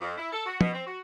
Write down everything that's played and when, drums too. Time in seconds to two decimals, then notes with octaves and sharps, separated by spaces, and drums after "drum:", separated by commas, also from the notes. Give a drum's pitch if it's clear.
0.01 F2
0.18 E4
0.33 A4
0.46 F#4
0.61 B2, drum: tom
0.73 C4
0.87 F#4